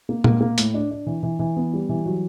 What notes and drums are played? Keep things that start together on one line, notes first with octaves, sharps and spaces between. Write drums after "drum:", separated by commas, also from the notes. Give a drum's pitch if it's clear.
A#3
A#3, drum: tom A#2
A#3
A2, drum: hi-hat
D4
D4
E3
E3
E3
B3
G3
E3
F#3